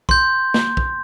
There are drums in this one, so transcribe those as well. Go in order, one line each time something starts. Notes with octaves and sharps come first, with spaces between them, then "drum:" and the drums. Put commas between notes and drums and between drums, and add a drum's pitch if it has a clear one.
C6 G6, drum: kick
drum: snare A#3
drum: kick